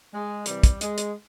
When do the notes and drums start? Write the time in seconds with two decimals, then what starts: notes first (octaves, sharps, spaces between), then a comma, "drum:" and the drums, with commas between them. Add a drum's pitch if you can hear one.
0.13 G#3
0.46 C3 E3 G3, drum: hi-hat
0.63 drum: kick, hi-hat
0.81 G#3, drum: hi-hat
0.98 drum: hi-hat